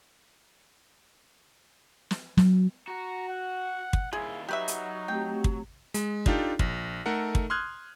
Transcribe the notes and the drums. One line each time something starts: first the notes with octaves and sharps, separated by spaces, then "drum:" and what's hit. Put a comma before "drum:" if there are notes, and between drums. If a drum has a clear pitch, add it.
drum: snare
F#3, drum: snare
F#4 A#5
F#5
drum: kick
D#2 E4 F4 G#4
F#3 D#4 G4 B4 E5
drum: hi-hat
A3 C4 G4 G5
drum: kick
G#3, drum: hi-hat
D4 D#4 F4 G4 A4, drum: kick
A#1, drum: kick
A3 D#4 A4 A#4 F#5
drum: kick
C6 D#6 F6 F#6 G#6